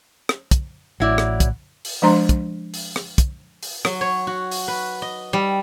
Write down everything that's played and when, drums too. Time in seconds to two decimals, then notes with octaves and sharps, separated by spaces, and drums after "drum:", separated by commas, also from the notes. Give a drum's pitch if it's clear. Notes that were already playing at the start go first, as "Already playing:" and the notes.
0.29 drum: rim click
0.51 drum: kick, hi-hat
1.00 A1 F#3 E4 D5
1.18 drum: rim click
1.40 drum: kick, hi-hat
1.85 drum: open hi-hat
2.02 F3 G#3 D4 C5 A#5 C6
2.29 drum: kick, hi-hat
2.74 drum: open hi-hat
2.96 drum: rim click
3.18 drum: kick, hi-hat
3.63 drum: open hi-hat
3.85 F#3, drum: rim click
4.01 C#5
4.27 F#4
4.51 drum: open hi-hat
4.68 B4
5.02 D#5
5.33 G3